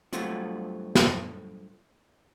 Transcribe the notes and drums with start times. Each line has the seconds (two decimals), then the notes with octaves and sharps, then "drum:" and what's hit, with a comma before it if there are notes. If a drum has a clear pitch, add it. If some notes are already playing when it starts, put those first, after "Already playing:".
0.13 G2 F#3 A3 C4 F4 F#4, drum: hi-hat
0.95 drum: snare